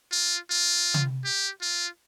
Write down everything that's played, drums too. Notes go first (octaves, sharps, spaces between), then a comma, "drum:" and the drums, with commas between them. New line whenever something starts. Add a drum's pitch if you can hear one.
F4
F4
drum: tom
G4
F4